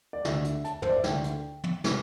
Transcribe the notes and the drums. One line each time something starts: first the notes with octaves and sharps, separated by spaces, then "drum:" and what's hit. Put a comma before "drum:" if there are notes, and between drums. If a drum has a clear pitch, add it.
D5
D2 D3 E5, drum: snare
drum: hi-hat
A5, drum: hi-hat
C5, drum: tom
D5
E5
D2 D3 G5, drum: snare
drum: hi-hat
drum: tom
C3 E3, drum: snare